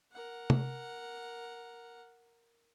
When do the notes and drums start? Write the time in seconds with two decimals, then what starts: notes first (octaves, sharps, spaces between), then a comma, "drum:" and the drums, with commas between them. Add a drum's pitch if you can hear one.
0.12 A#4 F#5
0.50 drum: tom